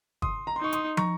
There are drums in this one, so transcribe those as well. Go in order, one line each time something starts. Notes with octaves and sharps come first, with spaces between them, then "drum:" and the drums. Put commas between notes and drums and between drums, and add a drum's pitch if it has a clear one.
C6 D#6, drum: kick
A#5
C6
D#4 C#6
C6 D#6, drum: hi-hat
A#5 C#6, drum: tom